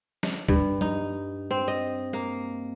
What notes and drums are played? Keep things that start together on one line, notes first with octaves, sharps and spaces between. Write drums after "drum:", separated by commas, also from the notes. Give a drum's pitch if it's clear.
drum: snare
G2, drum: kick
D#4, drum: tom F3
C4
D#5
A#3